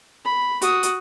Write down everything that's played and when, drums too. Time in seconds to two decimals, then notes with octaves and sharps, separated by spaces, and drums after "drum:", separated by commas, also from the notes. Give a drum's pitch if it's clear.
0.25 B5
0.62 F#4 D#6, drum: hi-hat
0.83 drum: hi-hat